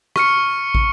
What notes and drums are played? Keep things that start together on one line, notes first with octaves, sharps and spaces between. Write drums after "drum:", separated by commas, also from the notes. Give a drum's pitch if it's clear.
C#6 F6 C#7, drum: rim click
drum: kick